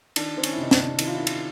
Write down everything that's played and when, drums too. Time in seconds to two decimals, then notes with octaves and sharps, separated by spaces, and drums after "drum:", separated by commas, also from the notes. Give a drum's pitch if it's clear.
0.16 D#3 D4, drum: cymbal
0.37 D#3 C4
0.43 C#4, drum: cymbal
0.53 E4
0.58 C3 D#4
0.71 D4, drum: snare
0.79 C3
0.99 D#3 E4, drum: cymbal
1.07 F4
1.15 D#3 E4
1.27 drum: cymbal